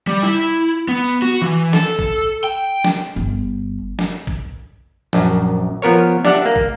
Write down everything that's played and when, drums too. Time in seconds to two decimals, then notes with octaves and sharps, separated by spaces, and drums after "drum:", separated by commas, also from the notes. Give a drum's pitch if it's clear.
0.07 G3
0.23 E4
0.88 B3
1.22 F#4
1.42 E3
1.73 A4, drum: snare
1.99 drum: kick
2.44 G5
2.84 drum: snare
3.16 G1
3.99 drum: snare
4.27 drum: kick
5.13 A#1 F#2, drum: snare
5.82 F3 B3 A#4 C#5
6.25 D4 G4 D5 E5 F#5, drum: snare
6.46 A#3
6.56 drum: kick